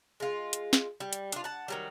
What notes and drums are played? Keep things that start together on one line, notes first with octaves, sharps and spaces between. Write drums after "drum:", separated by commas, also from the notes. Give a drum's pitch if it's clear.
G#3 F4
drum: hi-hat
drum: snare
G3
drum: hi-hat
D4 F4, drum: hi-hat
F#5 A5
D#3 F#3 G3